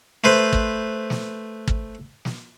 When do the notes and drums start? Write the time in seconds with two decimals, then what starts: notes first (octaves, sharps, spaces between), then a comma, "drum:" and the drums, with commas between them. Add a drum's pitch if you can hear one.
0.24 A3 B4 C5
0.53 drum: kick
1.10 drum: snare
1.68 drum: kick
2.25 drum: snare